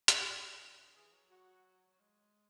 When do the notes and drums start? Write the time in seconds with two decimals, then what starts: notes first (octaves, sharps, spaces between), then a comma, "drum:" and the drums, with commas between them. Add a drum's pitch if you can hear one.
0.08 G#3, drum: hi-hat
0.26 F#3 D#4
0.61 D#3
0.78 C#3
0.95 E3 G#4
1.13 F#3
1.30 F#4
1.88 F#3
2.00 G#3